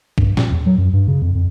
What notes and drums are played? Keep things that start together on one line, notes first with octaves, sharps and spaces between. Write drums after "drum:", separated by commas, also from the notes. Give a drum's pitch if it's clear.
G2, drum: kick
A#2, drum: snare
E2
F#3
F#2
G2
C#3
F2
F2